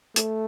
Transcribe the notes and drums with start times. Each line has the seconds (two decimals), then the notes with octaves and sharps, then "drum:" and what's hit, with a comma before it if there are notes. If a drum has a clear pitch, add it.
0.16 A3, drum: hi-hat